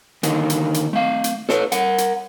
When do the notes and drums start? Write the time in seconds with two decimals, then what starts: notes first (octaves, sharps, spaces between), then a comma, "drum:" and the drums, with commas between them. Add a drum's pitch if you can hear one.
0.23 D3 D#3 A#3, drum: hi-hat
0.50 drum: hi-hat
0.74 drum: hi-hat
0.93 A3 F5
1.24 drum: hi-hat
1.49 A4 B4 C#5, drum: snare
1.72 A#4 F#5, drum: hi-hat
1.98 drum: hi-hat